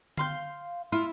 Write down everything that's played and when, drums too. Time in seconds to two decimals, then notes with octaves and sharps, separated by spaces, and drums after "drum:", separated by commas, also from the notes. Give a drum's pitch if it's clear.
0.17 F5 C6 G6, drum: tom D3
0.92 E4 F4